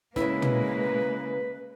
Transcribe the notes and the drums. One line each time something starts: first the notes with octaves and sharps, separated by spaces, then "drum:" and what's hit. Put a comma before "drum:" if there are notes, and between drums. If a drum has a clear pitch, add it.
C#3 G#3 A#3 E4 B4, drum: snare
drum: tom